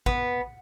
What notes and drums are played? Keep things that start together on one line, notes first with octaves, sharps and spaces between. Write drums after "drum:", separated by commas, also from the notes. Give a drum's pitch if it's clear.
B3, drum: kick